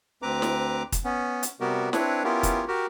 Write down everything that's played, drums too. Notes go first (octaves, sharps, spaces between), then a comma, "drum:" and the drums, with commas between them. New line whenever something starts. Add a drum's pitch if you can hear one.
D2 C4 B4 A#5 D6
drum: snare
drum: kick, hi-hat
B3 C#4
drum: hi-hat
C3 G3 B3 F#4 G4 A#4
C4 D4 E4 B4 C#5, drum: snare
B3 C#4 E4 F4 G4 A#4
drum: kick, hi-hat
F#4 G4 A#4